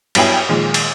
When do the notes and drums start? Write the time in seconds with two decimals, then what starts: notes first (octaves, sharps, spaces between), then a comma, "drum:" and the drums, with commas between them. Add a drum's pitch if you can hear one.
0.15 G2 F#3 B3 E4 G5 G#5, drum: cymbal
0.49 A#2 D#3 F3 G#3
0.74 drum: cymbal